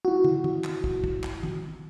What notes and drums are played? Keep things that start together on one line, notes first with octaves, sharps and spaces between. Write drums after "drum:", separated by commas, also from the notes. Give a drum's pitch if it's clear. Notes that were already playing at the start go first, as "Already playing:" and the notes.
E4 F#4
drum: tom
drum: tom
drum: clap
drum: kick
drum: kick
drum: clap
drum: tom